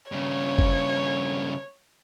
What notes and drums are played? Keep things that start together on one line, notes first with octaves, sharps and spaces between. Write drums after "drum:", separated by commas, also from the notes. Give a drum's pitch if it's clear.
G2 C#3 C#5
drum: kick F#1